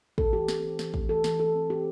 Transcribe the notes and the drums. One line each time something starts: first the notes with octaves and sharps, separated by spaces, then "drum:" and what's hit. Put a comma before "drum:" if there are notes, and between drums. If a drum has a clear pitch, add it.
A3 A4, drum: kick
E3 G4
C4, drum: snare
E3
E3, drum: snare
A3, drum: kick
E3 A4
E3, drum: snare
E3 A4
C4
C4 G4